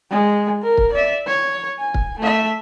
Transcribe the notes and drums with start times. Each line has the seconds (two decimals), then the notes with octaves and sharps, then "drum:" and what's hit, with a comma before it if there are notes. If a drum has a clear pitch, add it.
0.11 G#3
0.63 A#4
0.77 drum: kick
0.93 D5 E5
1.27 C#5
1.79 G#5
1.94 drum: kick
2.19 A3 E5